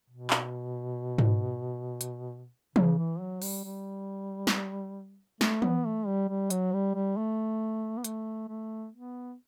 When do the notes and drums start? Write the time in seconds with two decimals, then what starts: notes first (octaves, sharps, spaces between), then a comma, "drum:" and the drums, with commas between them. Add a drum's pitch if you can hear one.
0.10 B2
0.30 drum: clap
1.18 drum: tom G#2
2.01 drum: hi-hat
2.76 C#3, drum: tom E3
2.98 E3
3.20 F#3
3.42 G3, drum: open hi-hat
3.64 G3
4.47 drum: snare
5.41 A3, drum: snare
5.62 B3, drum: tom E3
5.85 A3
6.07 G3
6.29 G3
6.50 F#3, drum: hi-hat
6.73 G3
6.95 G3
7.17 A3
7.98 B3
8.04 A3, drum: hi-hat
8.49 A3
8.94 B3